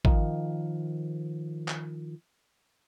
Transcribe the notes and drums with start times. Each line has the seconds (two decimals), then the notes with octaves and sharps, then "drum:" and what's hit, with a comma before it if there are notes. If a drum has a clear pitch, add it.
0.05 D#3 F3, drum: kick
1.68 drum: clap